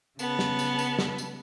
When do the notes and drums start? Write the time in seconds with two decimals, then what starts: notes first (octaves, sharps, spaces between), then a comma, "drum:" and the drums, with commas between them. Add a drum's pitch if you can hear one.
0.19 C#3 B3 A5, drum: tambourine
0.39 drum: snare
0.59 drum: tambourine
0.79 drum: tambourine
0.99 drum: snare
1.18 drum: tambourine